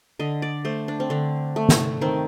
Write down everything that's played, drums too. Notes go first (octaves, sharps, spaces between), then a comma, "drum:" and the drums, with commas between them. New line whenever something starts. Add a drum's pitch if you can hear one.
D3 D#5
D5
A3 C5
D4
C4
D3 D4
A3
drum: snare
D#3 C4